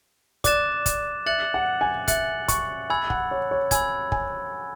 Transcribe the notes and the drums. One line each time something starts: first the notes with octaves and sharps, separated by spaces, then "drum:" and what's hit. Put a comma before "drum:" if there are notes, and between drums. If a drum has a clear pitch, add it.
D5 D6 F#6 A6 E7, drum: kick, hi-hat
drum: kick, hi-hat
E5 F#6 A6 C#7 F#7
F#5
G#5
E5 F#6 A6 C#7 F#7, drum: kick, hi-hat
C#6, drum: kick, hi-hat
G#5 B5 E6 G#6
F#5, drum: kick
C#5
C#5
G#5 B5 E6 G#6, drum: kick, hi-hat
G#5, drum: kick